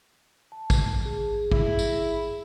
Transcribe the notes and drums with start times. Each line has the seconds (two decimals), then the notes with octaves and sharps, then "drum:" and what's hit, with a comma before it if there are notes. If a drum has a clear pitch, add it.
0.52 A5
0.70 drum: kick, tambourine
1.06 G#4
1.52 E4, drum: kick
1.79 drum: tambourine